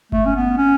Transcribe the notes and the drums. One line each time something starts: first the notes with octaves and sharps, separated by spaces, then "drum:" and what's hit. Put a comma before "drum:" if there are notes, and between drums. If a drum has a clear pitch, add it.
A3, drum: kick G1
C#4
B3
C#4